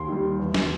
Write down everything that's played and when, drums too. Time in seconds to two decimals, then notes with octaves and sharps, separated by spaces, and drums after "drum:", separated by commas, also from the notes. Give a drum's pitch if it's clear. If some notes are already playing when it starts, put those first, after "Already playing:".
Already playing: D#2 C6
0.09 D#3 G3
0.40 E2
0.54 drum: snare